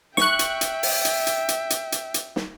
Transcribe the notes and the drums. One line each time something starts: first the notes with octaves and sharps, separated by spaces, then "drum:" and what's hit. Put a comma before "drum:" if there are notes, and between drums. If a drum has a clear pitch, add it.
E5 G5 C#6 F#6, drum: snare
drum: hi-hat
drum: hi-hat
drum: open hi-hat
drum: hi-hat
drum: hi-hat
drum: hi-hat
drum: hi-hat
drum: hi-hat
drum: hi-hat
drum: snare